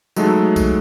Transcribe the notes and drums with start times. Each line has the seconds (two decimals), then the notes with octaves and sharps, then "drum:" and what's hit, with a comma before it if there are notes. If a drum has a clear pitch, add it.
0.16 F#3 G#3 A3 D#4 A4, drum: tambourine
0.56 drum: kick B1, tambourine